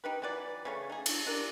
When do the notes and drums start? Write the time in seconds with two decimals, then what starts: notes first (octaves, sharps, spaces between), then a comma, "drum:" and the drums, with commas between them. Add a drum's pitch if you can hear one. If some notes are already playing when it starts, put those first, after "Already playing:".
0.04 D#4 G4 B4
0.22 E3 F#3 B4 D5
0.65 C#3 A3 C#4
0.90 D#4 G#4
1.06 D4, drum: cymbal
1.27 D4 A#4 D5